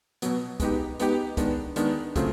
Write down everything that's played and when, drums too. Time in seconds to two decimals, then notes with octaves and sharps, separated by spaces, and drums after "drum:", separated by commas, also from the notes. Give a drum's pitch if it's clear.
0.22 B2 F#3 B3, drum: hi-hat
0.60 G#3 B3 D#4 G4, drum: kick, hi-hat
1.00 G#3 B3 D#4 G4, drum: hi-hat
1.37 D#3 G#3 B3 D4, drum: kick, hi-hat
1.76 D#3 G#3 B3 D4, drum: hi-hat
2.16 C#3 F#3 A3 C4 F4, drum: kick, hi-hat